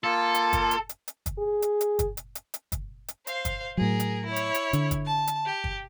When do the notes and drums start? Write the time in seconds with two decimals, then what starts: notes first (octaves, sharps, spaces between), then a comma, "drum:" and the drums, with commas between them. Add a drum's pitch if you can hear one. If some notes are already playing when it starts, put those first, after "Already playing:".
0.04 A#3 F4 A4
0.35 drum: hi-hat
0.53 drum: kick, hi-hat
0.71 drum: hi-hat
0.89 drum: hi-hat
1.08 drum: hi-hat
1.26 drum: kick, hi-hat
1.39 G#4
1.62 drum: hi-hat
1.81 drum: hi-hat
1.99 drum: kick, hi-hat
2.17 drum: hi-hat
2.35 drum: hi-hat
2.54 drum: hi-hat
2.72 drum: kick, hi-hat
3.08 drum: hi-hat
3.27 C5 F5, drum: hi-hat
3.45 drum: kick, hi-hat
3.77 A2 F#3 G#4 A#4
4.00 drum: hi-hat
4.26 E4 C#5
4.36 drum: hi-hat
4.54 drum: hi-hat
4.73 D3, drum: hi-hat
4.91 drum: kick, hi-hat
5.06 A5
5.27 drum: hi-hat
5.46 G4
5.64 drum: kick